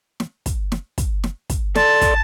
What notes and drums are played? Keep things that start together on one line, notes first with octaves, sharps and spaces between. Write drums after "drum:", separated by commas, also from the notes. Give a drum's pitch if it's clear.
drum: snare
drum: kick, hi-hat
drum: snare
drum: kick, hi-hat
drum: snare
drum: kick, hi-hat
A4 D5 A5 C6, drum: snare
drum: kick, hi-hat